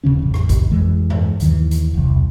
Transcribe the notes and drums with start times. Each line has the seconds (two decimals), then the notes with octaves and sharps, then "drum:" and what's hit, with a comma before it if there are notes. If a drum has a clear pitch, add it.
0.03 E1 D#2 C#3 C#4
0.22 A1 F2
0.34 drum: rim click
0.49 drum: kick G#1, hi-hat
0.71 F2 E3 G#3
1.10 drum: tom G2
1.40 D#2 D#3 E3, drum: hi-hat
1.71 drum: hi-hat
1.94 E1 C2